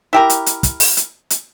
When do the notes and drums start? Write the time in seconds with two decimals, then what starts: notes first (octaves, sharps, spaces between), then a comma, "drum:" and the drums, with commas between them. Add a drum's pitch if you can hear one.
0.13 E4 G4 A#4
0.30 drum: hi-hat
0.46 drum: hi-hat
0.63 drum: kick, hi-hat
0.80 drum: open hi-hat
0.97 drum: hi-hat
1.30 drum: hi-hat